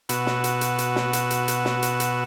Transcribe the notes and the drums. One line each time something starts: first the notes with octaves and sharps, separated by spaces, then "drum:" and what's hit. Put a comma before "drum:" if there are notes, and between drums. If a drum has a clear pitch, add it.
B2 F#4 B4 E6, drum: hi-hat
drum: snare
drum: hi-hat
drum: hi-hat
drum: hi-hat
drum: snare
drum: hi-hat
drum: hi-hat
drum: hi-hat
drum: snare
drum: hi-hat
drum: hi-hat